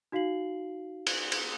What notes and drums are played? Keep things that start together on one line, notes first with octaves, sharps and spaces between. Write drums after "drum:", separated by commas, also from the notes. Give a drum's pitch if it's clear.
D#4 F#4 F5 C7 F#7
drum: cymbal
drum: cymbal